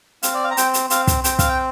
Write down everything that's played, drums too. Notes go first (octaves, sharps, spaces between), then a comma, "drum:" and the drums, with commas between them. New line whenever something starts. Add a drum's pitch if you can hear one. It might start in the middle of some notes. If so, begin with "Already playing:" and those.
C4 F5, drum: hi-hat
D5
F5
A#5
C4 G5, drum: hi-hat
drum: hi-hat
C4 F5, drum: hi-hat
drum: kick, hi-hat
C4 G5, drum: hi-hat
F5, drum: kick, hi-hat
G5